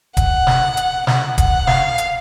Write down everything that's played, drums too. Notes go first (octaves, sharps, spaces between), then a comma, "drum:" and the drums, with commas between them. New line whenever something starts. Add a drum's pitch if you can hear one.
F#5, drum: kick D#1, hi-hat
drum: snare
drum: hi-hat
F#5, drum: snare
F#5, drum: kick D#1, hi-hat
F5, drum: snare
drum: hi-hat